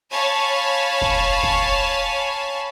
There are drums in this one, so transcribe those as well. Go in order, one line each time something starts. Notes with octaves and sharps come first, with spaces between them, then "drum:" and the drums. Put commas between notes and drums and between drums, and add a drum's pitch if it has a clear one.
C#5 F5 G#5 A5 B5
drum: kick
drum: kick